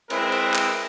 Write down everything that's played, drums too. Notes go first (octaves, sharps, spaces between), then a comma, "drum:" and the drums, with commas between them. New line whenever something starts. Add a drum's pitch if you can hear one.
G#3 C4 E4 A#4 B4, drum: cymbal
drum: cymbal
drum: clap